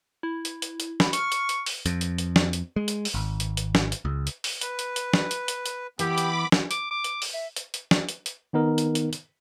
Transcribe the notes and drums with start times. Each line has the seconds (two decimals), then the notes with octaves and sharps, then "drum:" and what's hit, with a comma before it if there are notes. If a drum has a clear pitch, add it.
0.23 E4
0.45 drum: hi-hat
0.62 drum: hi-hat
0.80 drum: hi-hat
1.00 B5, drum: snare
1.13 C#6 F6, drum: hi-hat
1.32 drum: hi-hat
1.49 drum: hi-hat
1.66 drum: open hi-hat
1.86 F2, drum: hi-hat
2.01 drum: hi-hat
2.18 drum: hi-hat
2.36 drum: snare
2.53 drum: hi-hat
2.76 G#3
2.88 drum: hi-hat
3.05 drum: open hi-hat
3.14 G#1
3.40 drum: hi-hat
3.57 drum: hi-hat
3.75 drum: snare
3.92 drum: hi-hat
4.05 C#2
4.27 drum: hi-hat
4.44 drum: open hi-hat
4.61 B4, drum: hi-hat
4.79 drum: hi-hat
4.96 drum: hi-hat
5.14 drum: snare
5.31 drum: hi-hat
5.48 drum: hi-hat
5.66 drum: hi-hat
5.99 E3 B3 G4 B5 D6, drum: hi-hat
6.18 drum: hi-hat
6.52 drum: snare
6.71 D6, drum: hi-hat
6.91 D6
7.04 drum: hi-hat
7.22 drum: open hi-hat
7.34 E5
7.56 drum: hi-hat
7.74 drum: hi-hat
7.91 drum: snare
8.09 drum: hi-hat
8.26 drum: hi-hat
8.53 D#3 B3 D#4 A#4
8.78 drum: hi-hat
8.95 drum: hi-hat
9.13 drum: hi-hat